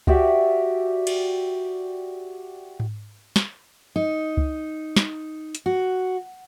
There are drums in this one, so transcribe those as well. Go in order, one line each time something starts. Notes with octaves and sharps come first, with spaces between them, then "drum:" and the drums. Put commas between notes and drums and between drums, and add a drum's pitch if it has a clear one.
F#4 G4 D5 E5, drum: kick C#2
drum: cymbal
drum: tom G#2
drum: snare
D#4
drum: kick C#2
drum: snare
drum: hi-hat
F#4